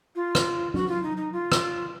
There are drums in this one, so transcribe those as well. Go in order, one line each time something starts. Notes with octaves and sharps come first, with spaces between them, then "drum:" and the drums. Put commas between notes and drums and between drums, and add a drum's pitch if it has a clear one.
F4
drum: rim click
F#4, drum: tom
F4
D#4
D#4
F4
drum: rim click